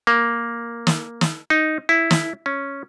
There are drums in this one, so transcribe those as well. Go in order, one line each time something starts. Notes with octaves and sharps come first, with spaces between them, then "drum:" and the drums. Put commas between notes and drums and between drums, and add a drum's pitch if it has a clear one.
A#3
drum: snare
drum: snare
D#4
E4
drum: snare
C#4